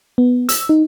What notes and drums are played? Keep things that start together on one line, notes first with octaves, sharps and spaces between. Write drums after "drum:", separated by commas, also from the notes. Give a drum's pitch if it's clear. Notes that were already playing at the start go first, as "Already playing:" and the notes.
B3
E6, drum: hi-hat
D#4